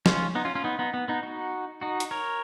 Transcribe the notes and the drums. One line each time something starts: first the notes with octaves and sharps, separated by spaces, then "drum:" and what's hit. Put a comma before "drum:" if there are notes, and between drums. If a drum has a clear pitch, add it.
C#4 F4, drum: snare
B3 D#4
C#4 F4
C#4 F4
B3 D#4
B3 D#4
B3
B3 D#4
D#4 F#4
D#4 F#4
drum: hi-hat
A#4 C#5